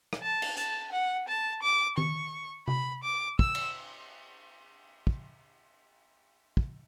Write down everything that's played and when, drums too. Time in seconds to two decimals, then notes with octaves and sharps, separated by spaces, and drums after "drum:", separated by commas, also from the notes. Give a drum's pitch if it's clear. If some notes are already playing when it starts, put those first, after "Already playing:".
0.13 drum: rim click
0.22 A5
0.42 drum: cymbal
0.57 A5, drum: hi-hat
0.92 F#5
1.28 A5
1.62 D6
1.98 C#6, drum: tom D#3
2.68 B5, drum: tom C3
3.03 D6
3.39 E6, drum: kick
3.55 drum: cymbal
5.07 drum: kick
6.57 drum: kick